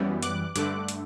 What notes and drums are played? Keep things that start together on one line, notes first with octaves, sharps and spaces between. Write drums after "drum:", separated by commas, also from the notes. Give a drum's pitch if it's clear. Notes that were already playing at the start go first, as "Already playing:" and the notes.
Already playing: F#2 E3 G3 B3
D6 F#6, drum: hi-hat
G2 D3 A3 D6 F#6, drum: hi-hat
drum: hi-hat